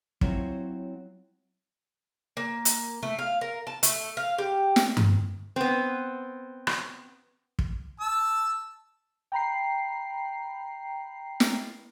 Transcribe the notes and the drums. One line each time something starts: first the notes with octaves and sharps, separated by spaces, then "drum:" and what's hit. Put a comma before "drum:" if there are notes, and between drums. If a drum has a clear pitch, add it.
F#3 C4 E4 F4 C#5, drum: kick
A#3
drum: hi-hat
A3
F5
A#4
A5
A3, drum: hi-hat
F5
G4
drum: snare
drum: tom G2
B3 C4
drum: rim click
drum: kick
A5 E6
G5 A#5 B5 C7
drum: snare